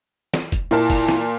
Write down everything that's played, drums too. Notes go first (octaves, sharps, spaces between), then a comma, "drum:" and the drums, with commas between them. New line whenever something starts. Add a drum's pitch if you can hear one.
drum: snare
drum: kick, hi-hat
A#2 E4 A#4 A5
drum: kick, open hi-hat
drum: snare